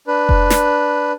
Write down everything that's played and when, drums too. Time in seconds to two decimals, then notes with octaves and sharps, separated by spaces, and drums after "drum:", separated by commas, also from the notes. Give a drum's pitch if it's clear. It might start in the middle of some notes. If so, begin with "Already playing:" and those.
0.07 D4 B4
0.29 drum: kick F1
0.50 drum: snare